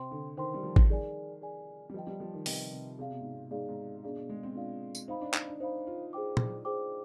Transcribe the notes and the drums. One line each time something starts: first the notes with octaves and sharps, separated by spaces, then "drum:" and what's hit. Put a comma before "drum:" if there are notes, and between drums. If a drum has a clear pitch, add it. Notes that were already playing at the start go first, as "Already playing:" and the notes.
Already playing: C3 C5 G5 C6
D3
D#3 C5 G5 C6
G3
F3
drum: kick G#1
D#3 G#4 D5 G#5
G#4 D5 G#5
G3
F3 B4 D#5 G5
G3
F3
D#3
C3 B4 D#5 G5, drum: open hi-hat
C3
C3 G#4 D5 F5
B2
G#2
B2
G#2 G#4 D5 F5
G#2
B2 D4 G#4 D5 F5
B2
G#3
C4
D4 F4 G#4 D5 F5
drum: tambourine
D#4 C5 F5 B5
D4
D#4, drum: clap
D4
D#4 C5 F5 B5
F4
G#4 C5 G5 D6
drum: tom
G#4 C5 G5 D6